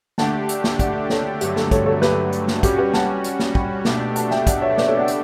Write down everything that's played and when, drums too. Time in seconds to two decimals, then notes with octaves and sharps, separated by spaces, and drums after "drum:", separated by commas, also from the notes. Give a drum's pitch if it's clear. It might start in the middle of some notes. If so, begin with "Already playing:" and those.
0.18 D3 A3 D4 G4 F#5 A5, drum: snare
0.49 drum: hi-hat
0.64 drum: snare
0.79 D5 F#5, drum: kick, hi-hat
1.10 A4 C#5, drum: snare
1.41 G2 D3 F#3 A3 G4, drum: hi-hat
1.56 A4, drum: snare
1.71 A4 C#5, drum: kick, hi-hat
1.86 A4 C#5
2.02 G4 B4, drum: snare
2.32 drum: hi-hat
2.48 drum: snare
2.63 G3 C#4 F#4 G4, drum: kick, hi-hat
2.78 G4 B4
2.94 F#5 A5, drum: snare
3.24 drum: hi-hat
3.39 drum: snare
3.55 G5 B5, drum: kick
3.85 B2 A3 D4 G4, drum: snare
4.16 F#5 A5, drum: hi-hat
4.31 E5 G5, drum: snare
4.47 D5 F#5, drum: kick, hi-hat
4.62 C#5 E5
4.78 B4 D5, drum: snare
4.87 A4 C#5
4.97 D5 F#5
5.08 drum: hi-hat